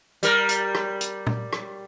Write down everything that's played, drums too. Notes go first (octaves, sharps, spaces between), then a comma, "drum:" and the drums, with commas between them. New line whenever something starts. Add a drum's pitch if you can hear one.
G3 A#4, drum: hi-hat
drum: hi-hat
drum: rim click
drum: hi-hat
drum: tom
drum: rim click